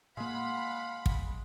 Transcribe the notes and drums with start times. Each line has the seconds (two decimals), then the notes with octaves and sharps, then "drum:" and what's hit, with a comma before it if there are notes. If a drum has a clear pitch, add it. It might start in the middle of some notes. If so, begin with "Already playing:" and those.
0.17 A#2 G#3 A#3 F5 F#5 B5
1.06 drum: kick